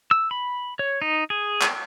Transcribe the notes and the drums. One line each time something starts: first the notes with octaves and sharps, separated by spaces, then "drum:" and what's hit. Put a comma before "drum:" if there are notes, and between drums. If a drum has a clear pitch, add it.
E6
B5
C#5
D#4
G#4
drum: clap